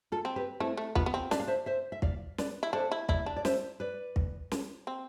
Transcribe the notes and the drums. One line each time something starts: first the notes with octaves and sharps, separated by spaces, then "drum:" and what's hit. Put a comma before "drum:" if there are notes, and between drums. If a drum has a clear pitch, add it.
F4 A4
C4
G4 B4
A3 C4 E4
A3
B3 D4 F4, drum: kick
B3
C4
D4 E5, drum: snare
F5
C5 E5
C5 E5
E5
D5 F5, drum: kick
B4 D5, drum: snare
E4
D4 A4 C5
E4
E4 D5 F5, drum: kick
D4
D5
C5 E5, drum: snare
B4 D5
drum: kick
drum: snare
C4